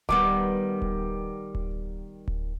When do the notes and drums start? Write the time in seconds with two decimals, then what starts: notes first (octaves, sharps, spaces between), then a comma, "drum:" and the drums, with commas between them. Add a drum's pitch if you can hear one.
0.09 D#3 G3 B3 D6, drum: kick D1
0.82 drum: kick D1
1.55 drum: kick D1
2.28 drum: kick D1